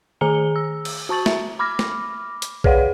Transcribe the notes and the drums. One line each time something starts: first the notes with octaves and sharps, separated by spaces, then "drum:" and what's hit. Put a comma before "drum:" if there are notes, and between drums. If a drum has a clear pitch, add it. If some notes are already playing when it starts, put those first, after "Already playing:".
D#3 G#4 G#5 A#5 C#7 G7
E6
drum: cymbal
F#4 A5 C#6 A6 F#7
E5, drum: snare
B5 D6 F6 A#6
drum: snare
drum: hi-hat
G#4 B4 C#5 D5 F5 F#5, drum: kick B1